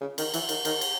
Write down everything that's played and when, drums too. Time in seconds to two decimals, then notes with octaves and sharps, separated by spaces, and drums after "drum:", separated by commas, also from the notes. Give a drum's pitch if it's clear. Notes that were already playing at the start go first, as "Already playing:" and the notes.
0.01 C#3
0.18 D#3, drum: cymbal
0.34 E3, drum: cymbal
0.49 D#3, drum: cymbal
0.65 D#3, drum: cymbal
0.81 drum: cymbal